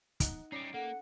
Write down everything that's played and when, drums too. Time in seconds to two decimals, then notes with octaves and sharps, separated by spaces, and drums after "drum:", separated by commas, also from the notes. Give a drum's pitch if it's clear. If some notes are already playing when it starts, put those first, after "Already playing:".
0.20 D#4 F#5, drum: kick, hi-hat
0.52 G3 C#4 D#4 D5 A#5 C7 D7
0.74 A#3 A4 F#5